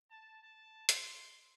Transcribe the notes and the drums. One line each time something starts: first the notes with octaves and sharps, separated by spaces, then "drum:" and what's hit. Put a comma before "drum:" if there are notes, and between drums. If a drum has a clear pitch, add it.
A5
A5
C6, drum: hi-hat